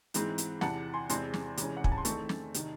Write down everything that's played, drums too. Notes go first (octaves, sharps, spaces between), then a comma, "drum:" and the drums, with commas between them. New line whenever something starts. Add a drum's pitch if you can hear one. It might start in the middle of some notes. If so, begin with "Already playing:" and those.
G#2 E3 G#3 C4, drum: hi-hat
drum: hi-hat
E2 C3 E3 F#5 A5, drum: snare
G#5 C6
E2 C3 E3 G#3 C4 G#5 C6, drum: hi-hat
drum: snare
C3 E3 G#3 C#4, drum: hi-hat
F#5
G#5, drum: kick
A5
C6
E2 D#3 A3 C4 A5 C#6, drum: hi-hat
drum: snare
C3 D#3, drum: hi-hat